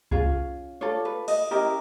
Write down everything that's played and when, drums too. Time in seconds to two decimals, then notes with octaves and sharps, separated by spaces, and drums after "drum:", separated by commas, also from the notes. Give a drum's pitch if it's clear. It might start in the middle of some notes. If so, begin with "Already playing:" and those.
0.11 C#4 F4 G#4, drum: kick C2
0.81 D4 F4 A4 C#5
1.05 B4
1.28 D#5, drum: cymbal
1.51 C#4 E4 G4 A#4 D#5